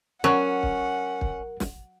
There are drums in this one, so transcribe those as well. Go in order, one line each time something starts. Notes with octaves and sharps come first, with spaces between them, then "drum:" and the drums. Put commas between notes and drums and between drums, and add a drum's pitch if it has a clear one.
F#3 C#4 A#4 F#5
drum: kick
drum: kick
drum: snare